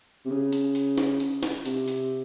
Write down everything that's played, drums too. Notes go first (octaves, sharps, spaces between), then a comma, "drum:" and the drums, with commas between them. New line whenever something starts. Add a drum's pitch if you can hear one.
C3
C#3
drum: hi-hat
drum: hi-hat
drum: snare
drum: hi-hat
drum: snare
C3, drum: hi-hat
drum: hi-hat